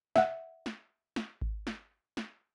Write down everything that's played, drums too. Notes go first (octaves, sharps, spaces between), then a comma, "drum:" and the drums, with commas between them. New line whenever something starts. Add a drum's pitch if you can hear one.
E5 F#5, drum: snare
drum: snare
drum: snare
drum: kick G#1
drum: snare
drum: snare